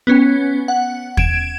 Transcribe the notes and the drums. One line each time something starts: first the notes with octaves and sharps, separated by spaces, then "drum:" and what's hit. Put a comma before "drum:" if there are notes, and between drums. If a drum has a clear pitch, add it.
B3 C#4
F#5
G#6 D7 E7, drum: kick